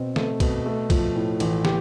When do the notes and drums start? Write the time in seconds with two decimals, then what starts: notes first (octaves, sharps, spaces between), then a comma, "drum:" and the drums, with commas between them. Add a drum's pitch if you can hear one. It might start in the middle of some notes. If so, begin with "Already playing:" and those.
Already playing: B2 C4
0.16 A3, drum: snare
0.40 B2, drum: kick, cymbal
0.66 A3
0.90 F3, drum: kick, cymbal
1.15 A2
1.40 A1, drum: cymbal
1.65 G4, drum: snare